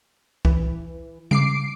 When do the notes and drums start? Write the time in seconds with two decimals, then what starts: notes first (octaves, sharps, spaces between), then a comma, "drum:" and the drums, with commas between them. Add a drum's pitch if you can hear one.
0.45 E3, drum: kick C2
1.31 C#3 D6 C7 D7, drum: tom G3